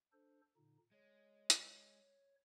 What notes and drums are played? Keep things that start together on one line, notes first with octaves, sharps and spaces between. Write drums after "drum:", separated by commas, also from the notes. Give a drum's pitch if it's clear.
D4 A4 C5
A#2 D3 D#4
G#3 C#5
drum: hi-hat